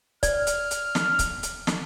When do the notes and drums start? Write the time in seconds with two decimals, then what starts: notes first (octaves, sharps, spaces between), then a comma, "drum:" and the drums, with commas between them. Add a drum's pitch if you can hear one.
0.23 D5 F6, drum: kick C#1, hi-hat
0.47 drum: hi-hat
0.71 drum: hi-hat
0.95 drum: snare
1.19 drum: kick C#1, hi-hat
1.43 drum: hi-hat
1.67 drum: snare